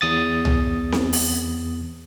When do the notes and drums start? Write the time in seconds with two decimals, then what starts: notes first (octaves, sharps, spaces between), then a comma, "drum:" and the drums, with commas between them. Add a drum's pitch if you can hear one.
0.01 E2 D#6 A6
0.45 drum: tom C2
0.92 drum: snare C4
1.13 drum: open hi-hat